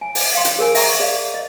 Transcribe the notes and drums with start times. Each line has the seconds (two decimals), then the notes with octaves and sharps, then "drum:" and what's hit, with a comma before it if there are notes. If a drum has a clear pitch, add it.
0.01 G#5
0.15 drum: open hi-hat
0.34 F5 G5 C6
0.45 drum: hi-hat
0.59 G#4 A#4 G#5
0.75 E5 F#5 A#5 C#6, drum: open hi-hat
1.00 G#4 D5 F5
1.34 D#5